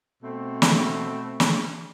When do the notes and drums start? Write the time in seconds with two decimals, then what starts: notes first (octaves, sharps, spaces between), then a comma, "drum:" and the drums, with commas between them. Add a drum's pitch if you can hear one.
0.23 B2 A3 C4
0.62 drum: snare
1.40 drum: snare